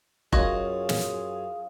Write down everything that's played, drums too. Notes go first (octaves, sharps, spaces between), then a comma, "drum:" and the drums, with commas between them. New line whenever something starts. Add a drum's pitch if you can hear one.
F#2 C#4 F4 F#4 G#4 C#5 D#5, drum: kick F1
drum: snare